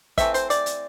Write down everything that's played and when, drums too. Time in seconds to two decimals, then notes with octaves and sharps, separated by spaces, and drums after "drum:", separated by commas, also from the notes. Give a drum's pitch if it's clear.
0.18 E3 A3 C4 E5, drum: kick, hi-hat
0.34 C5, drum: hi-hat
0.50 D5, drum: hi-hat
0.66 drum: hi-hat